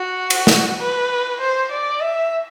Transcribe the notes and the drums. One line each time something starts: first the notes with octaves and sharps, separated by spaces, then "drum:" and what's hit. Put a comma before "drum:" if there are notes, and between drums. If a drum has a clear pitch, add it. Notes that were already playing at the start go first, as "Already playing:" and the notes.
Already playing: F#4
drum: cymbal
drum: snare
B4
C5
D5
E5